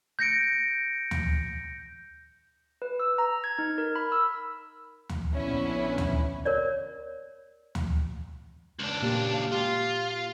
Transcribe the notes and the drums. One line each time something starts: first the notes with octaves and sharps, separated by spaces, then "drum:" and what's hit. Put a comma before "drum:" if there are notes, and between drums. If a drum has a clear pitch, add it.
G6 A#6 C#7 D7
drum: tom D2
B4
E6
A#5
G#6
D#4
A#4
B5
E6
drum: tom D2
A#1 D3 B3 C#4 E4
drum: tom D2
A#4 C#5 D5
drum: tom D2
C#2 D4
A#2 A#3 G4
F5
F4 G4